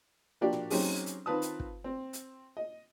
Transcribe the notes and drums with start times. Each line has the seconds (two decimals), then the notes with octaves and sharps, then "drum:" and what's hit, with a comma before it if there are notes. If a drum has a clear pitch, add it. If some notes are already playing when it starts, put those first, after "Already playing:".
0.41 F3 A#3 D4 F#4 G4 D5
0.53 drum: tom A2
0.70 F#3 C4 C#4 D#4 G4 G#4, drum: open hi-hat
1.06 drum: hi-hat
1.26 D#3 C4 F4 B4 A5 D#6
1.42 drum: hi-hat
1.60 drum: kick
1.84 C4
2.13 drum: hi-hat
2.57 D#5